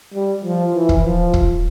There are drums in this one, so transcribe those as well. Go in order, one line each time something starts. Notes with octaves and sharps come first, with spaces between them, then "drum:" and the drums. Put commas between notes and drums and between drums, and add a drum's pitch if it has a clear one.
G3
F3
E3
drum: kick
F3
drum: kick